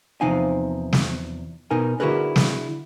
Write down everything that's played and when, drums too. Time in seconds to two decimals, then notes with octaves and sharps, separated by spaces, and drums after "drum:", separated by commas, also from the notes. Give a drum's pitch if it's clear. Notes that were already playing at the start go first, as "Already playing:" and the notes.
0.21 E2 C3 F3 D#4 F5 G#5
0.93 drum: snare
1.71 B2 D#4 A#4 G#5
2.00 D3 E4 F#4 G#4 A#4 B4
2.36 drum: snare